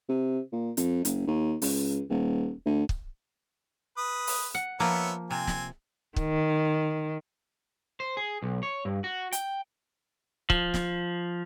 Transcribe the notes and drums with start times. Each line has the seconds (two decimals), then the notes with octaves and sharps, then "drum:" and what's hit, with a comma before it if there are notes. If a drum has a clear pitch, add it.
0.09 C3
0.53 A#2
0.77 F2, drum: hi-hat
1.05 F#1, drum: hi-hat
1.27 D#2
1.62 C#2, drum: open hi-hat
2.10 D#1
2.66 D2
2.89 drum: kick
3.97 B4 D#6
4.27 drum: open hi-hat
4.55 F#5
4.80 F3 A#3 B3 C#4 E5
5.31 C3 C4 G#5
5.47 drum: snare
6.16 D#3, drum: kick
8.00 C5
8.17 G#4
8.42 B1
8.63 C#5
8.85 G2
9.04 F#4
9.32 G5, drum: hi-hat
10.50 F3, drum: kick
10.74 drum: snare